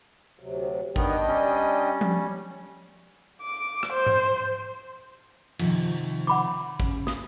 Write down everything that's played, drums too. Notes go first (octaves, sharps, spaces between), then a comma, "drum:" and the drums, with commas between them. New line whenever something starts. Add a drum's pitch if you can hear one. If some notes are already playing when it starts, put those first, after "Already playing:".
D2 C3 F#3
D#3 B3 D4 D#5 G5, drum: kick G#1
G3 C#4
drum: tom F3
D6
drum: rim click
C5
drum: tom G#2
C3 D#3 F3, drum: cymbal
F#5 B5 D6
C#3, drum: kick G#1
D#6, drum: snare